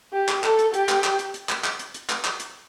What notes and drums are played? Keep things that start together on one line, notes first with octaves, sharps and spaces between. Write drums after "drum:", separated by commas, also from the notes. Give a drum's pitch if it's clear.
G4
drum: clap
A4, drum: clap
drum: hi-hat
G4, drum: hi-hat
drum: clap
drum: clap
drum: hi-hat
drum: hi-hat
drum: clap
drum: clap
drum: hi-hat
drum: hi-hat
drum: clap
drum: clap
drum: hi-hat